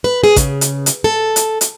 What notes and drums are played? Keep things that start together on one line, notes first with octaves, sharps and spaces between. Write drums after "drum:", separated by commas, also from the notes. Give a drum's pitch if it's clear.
B4
G#4
C#3, drum: kick A1, hi-hat
drum: hi-hat
drum: hi-hat
A4
drum: hi-hat
drum: hi-hat